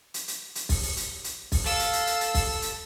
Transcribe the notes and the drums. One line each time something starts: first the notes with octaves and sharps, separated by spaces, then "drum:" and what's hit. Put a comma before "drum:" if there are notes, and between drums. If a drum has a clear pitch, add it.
drum: hi-hat
drum: hi-hat
drum: hi-hat
drum: kick, open hi-hat
drum: open hi-hat
drum: hi-hat
drum: hi-hat
drum: kick, open hi-hat
A4 F5 E6, drum: open hi-hat
drum: hi-hat
drum: hi-hat
drum: hi-hat
drum: hi-hat
drum: kick, open hi-hat
drum: hi-hat